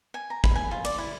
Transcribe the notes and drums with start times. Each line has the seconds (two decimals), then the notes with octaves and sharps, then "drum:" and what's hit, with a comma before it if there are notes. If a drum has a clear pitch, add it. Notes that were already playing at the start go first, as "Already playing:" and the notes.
0.14 G#5
0.30 A#5
0.44 B5, drum: kick
0.56 G#5
0.71 F4
0.85 D5, drum: cymbal
0.98 E4